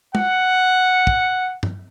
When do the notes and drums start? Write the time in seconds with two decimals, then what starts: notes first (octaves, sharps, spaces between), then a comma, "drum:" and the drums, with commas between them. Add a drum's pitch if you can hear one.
0.15 F#5, drum: tom
1.07 drum: kick
1.63 drum: tom